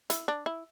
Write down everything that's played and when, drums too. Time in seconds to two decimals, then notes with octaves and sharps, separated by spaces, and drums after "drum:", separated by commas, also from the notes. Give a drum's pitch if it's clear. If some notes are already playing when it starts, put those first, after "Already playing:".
0.10 E4, drum: hi-hat
0.28 D4
0.46 E4